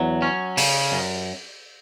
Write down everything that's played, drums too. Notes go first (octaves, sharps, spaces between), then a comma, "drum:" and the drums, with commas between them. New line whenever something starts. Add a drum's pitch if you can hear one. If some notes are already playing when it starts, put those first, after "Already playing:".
Already playing: E2 F#3
C#4
C#3, drum: open hi-hat
F#2